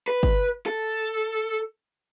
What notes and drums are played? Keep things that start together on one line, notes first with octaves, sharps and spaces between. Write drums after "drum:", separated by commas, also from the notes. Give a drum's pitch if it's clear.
B4
drum: kick G1
A4